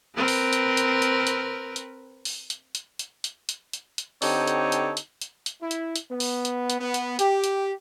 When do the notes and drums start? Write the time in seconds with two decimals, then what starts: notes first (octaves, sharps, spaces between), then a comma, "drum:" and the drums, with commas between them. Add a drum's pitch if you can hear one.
0.16 C4 A#4 B4
0.28 drum: open hi-hat
0.53 drum: hi-hat
0.77 drum: hi-hat
1.02 drum: hi-hat
1.27 drum: hi-hat
1.76 drum: hi-hat
2.25 drum: open hi-hat
2.50 drum: hi-hat
2.75 drum: hi-hat
2.99 drum: hi-hat
3.24 drum: hi-hat
3.49 drum: hi-hat
3.73 drum: hi-hat
3.98 drum: hi-hat
4.22 D3 C4 D#4 G4 A4 C#5, drum: open hi-hat
4.47 drum: hi-hat
4.72 drum: hi-hat
4.97 drum: hi-hat
5.21 drum: hi-hat
5.46 drum: hi-hat
5.61 E4
5.71 drum: hi-hat
5.96 drum: hi-hat
6.10 B3
6.20 drum: open hi-hat
6.45 drum: hi-hat
6.70 drum: hi-hat
6.79 B3
6.94 drum: hi-hat
7.19 G4, drum: hi-hat
7.44 drum: hi-hat